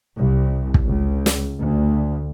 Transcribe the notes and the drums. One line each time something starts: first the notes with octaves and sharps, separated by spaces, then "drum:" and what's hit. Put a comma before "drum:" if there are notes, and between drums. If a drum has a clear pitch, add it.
C2
drum: kick
C#2
drum: snare
D2